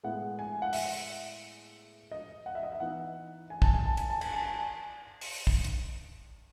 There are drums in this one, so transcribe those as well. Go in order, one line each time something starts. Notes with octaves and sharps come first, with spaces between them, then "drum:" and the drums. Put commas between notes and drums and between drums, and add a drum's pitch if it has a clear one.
A2 G#3 B3 E4 F#5
G#5
F#5
E5, drum: open hi-hat
D#5
F#5
E5
D#5
E5
E3 B3 D#4 F#5
G#5
A5, drum: kick
G#5
A5
G#5, drum: hi-hat
A5
G#5, drum: cymbal
A5
G#5
drum: open hi-hat
drum: kick
drum: hi-hat